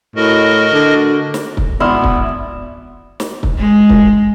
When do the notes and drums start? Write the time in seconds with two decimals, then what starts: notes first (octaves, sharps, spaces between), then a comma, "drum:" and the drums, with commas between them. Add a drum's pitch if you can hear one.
0.16 A2 F#4 A#4 D#5
0.73 D3
1.34 drum: snare
1.57 drum: kick
1.80 G#1 B3 E4 D5 C6 F6
2.04 drum: kick
3.20 drum: snare
3.43 drum: kick
3.58 G#3
3.89 drum: kick